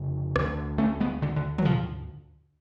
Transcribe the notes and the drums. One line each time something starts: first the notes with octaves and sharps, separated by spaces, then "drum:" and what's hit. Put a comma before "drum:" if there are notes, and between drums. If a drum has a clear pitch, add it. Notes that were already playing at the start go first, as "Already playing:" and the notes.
Already playing: F1 C#3
D2 D3, drum: rim click
A3 C#4
G#3 B3
D3
D3
F#3, drum: tom
F3